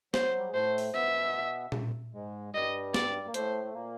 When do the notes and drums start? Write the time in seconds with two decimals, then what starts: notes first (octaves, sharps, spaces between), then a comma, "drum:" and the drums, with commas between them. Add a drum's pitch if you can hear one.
0.14 F#3 C5, drum: snare
0.38 G3
0.46 G#3
0.54 A2 A3 C5
0.78 drum: open hi-hat
0.94 B2 B3 E5
1.72 drum: tom A#2
2.14 G#2 G#3
2.54 G2 G3 D#5
2.94 D5, drum: snare
3.27 A#3
3.34 A2 A3 C5, drum: hi-hat
3.64 A3
3.74 A#2 A#3